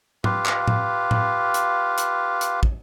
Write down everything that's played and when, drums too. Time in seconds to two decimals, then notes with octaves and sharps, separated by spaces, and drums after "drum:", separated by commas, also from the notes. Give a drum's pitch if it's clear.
0.24 F4 G4 B4 F5, drum: tom G#2
0.46 drum: clap
0.68 drum: tom A2
1.11 drum: tom A2
1.54 drum: hi-hat
1.98 drum: hi-hat
2.41 drum: hi-hat
2.63 drum: kick